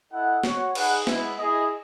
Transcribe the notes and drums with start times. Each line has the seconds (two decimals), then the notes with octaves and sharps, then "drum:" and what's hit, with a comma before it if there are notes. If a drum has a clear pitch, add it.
0.12 E4 A4 D#5 F#5
0.44 F#4 C#5 F#5, drum: snare
0.75 D#4 G#4 B4 F#5, drum: cymbal
1.07 G#3 B3 E4, drum: snare
1.38 E4 G#4 D#5